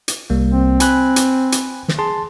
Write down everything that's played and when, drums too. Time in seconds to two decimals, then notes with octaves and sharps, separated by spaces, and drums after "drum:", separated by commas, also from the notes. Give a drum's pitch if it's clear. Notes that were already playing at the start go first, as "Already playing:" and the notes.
0.08 drum: hi-hat
0.30 C2 G3 A#3
0.52 C4
0.80 G#5 B5 F#6, drum: hi-hat
1.16 drum: hi-hat
1.52 drum: hi-hat
1.88 drum: snare
1.99 G#4 A5 C6